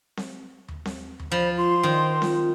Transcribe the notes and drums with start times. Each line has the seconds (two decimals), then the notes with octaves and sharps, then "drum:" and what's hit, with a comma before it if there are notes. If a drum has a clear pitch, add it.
0.17 drum: snare C4
0.68 drum: tom D#2
0.85 drum: snare C4
1.20 drum: tom D#2
1.32 F3 C5 B5
1.57 F4 C6
1.83 D#3 C5
2.22 F4, drum: snare C4